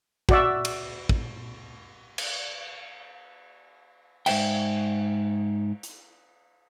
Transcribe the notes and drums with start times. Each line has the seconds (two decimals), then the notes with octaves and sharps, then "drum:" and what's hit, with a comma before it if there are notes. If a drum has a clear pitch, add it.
0.29 F#4 D5 E5, drum: kick
0.65 drum: cymbal
1.09 drum: kick
2.18 drum: cymbal
4.26 G#2 C5 E5 G5, drum: cymbal
5.83 drum: hi-hat